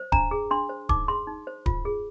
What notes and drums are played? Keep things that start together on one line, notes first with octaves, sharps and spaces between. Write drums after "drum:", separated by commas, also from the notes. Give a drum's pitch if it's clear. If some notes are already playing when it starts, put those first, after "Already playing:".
Already playing: C5
D4 A#5, drum: kick D1
G#4
D4 C6
C5
D#4 D6, drum: kick D1
G#4 C6
D#4
C5
F4, drum: kick D1
G#4